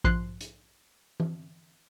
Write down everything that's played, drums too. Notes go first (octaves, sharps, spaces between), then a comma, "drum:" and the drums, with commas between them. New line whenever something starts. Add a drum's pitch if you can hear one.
A#1 F3 C6 F#6 C7, drum: kick
drum: hi-hat
drum: tom E3